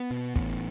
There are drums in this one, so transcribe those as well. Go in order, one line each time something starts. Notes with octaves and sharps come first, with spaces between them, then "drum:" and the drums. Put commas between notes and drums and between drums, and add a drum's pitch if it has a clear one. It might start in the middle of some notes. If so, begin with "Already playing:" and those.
Already playing: B3
B2
A1, drum: kick